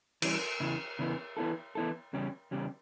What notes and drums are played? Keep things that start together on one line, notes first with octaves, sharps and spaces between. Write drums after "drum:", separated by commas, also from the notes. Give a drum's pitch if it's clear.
E3 G3 C#4, drum: cymbal
E2 C#3 E3 B3 E4
E2 C#3 E3 B3 E4
E3 B3 E4 A4
E3 B3 E4 A4
E2 C#3 G3 C#4 G4
E2 C#3 G3 C#4 G4